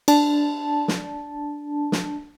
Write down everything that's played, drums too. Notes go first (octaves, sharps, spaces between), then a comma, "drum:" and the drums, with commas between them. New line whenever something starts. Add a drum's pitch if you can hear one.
D4 A5, drum: cymbal
drum: snare
drum: snare